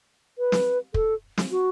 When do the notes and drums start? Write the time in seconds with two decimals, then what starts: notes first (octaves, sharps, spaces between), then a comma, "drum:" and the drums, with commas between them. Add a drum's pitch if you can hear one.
0.38 B4
0.52 drum: snare
0.94 A4, drum: kick
1.38 drum: snare
1.51 F#4